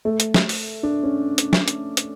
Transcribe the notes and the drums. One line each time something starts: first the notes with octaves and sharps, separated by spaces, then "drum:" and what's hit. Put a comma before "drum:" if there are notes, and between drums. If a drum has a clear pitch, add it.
A3
drum: hi-hat
drum: snare
drum: open hi-hat
D4
C#4
drum: hi-hat
drum: snare
drum: hi-hat
drum: hi-hat